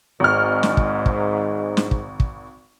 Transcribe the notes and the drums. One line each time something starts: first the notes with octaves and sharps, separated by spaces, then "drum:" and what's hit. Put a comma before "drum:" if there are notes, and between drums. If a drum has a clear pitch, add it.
G#1 G#2 F6
drum: snare
drum: kick
drum: kick
drum: snare
drum: kick
drum: kick